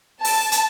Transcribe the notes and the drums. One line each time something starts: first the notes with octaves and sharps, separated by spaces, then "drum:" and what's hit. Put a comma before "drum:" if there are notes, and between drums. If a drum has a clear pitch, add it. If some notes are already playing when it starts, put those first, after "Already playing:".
A5, drum: open hi-hat
drum: hi-hat